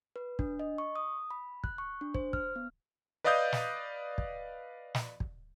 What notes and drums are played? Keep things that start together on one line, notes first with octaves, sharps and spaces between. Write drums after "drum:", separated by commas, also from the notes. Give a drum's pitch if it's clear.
B4
D4, drum: kick
D#5
C#6
D#6
B5
F#6, drum: kick
C#6
D4
C5, drum: kick
F6, drum: kick
B3
B4 D5 D#5 F5 D#6 G6
drum: snare
drum: kick
drum: snare
drum: kick